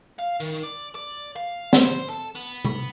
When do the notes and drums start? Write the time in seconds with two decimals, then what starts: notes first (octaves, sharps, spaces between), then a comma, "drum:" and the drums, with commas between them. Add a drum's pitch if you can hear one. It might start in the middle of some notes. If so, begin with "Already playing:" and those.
0.19 F5
0.40 D#3
0.63 D5
0.95 D5
1.36 F5
1.73 C5, drum: snare
2.09 A4
2.35 B3
2.65 drum: tom C3